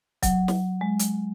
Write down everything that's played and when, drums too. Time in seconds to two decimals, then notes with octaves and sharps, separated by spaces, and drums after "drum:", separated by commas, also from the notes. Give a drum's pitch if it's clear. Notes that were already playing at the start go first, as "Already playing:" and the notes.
0.23 F#3, drum: kick C#1, hi-hat
0.48 drum: snare
0.81 G#3
0.99 drum: hi-hat